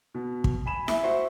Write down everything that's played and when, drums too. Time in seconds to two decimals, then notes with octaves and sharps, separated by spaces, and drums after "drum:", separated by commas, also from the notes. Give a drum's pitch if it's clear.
0.14 B2
0.44 drum: kick
0.66 G#5 B5 E7
0.88 E5, drum: snare E4
1.03 F#4 C5 C#6